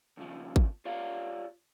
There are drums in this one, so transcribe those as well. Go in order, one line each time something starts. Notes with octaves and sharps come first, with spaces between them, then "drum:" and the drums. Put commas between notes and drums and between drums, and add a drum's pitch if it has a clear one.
D#2 C#3 F3
drum: kick
F4 G4 C#5 D5 F5